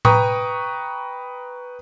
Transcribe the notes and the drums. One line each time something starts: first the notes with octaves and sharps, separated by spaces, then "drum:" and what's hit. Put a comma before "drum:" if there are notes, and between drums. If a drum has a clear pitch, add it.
B4 G5 A#5 C#6 D#6, drum: tom A2